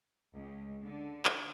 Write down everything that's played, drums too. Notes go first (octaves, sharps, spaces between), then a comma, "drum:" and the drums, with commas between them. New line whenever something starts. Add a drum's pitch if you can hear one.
C#2
D3
drum: clap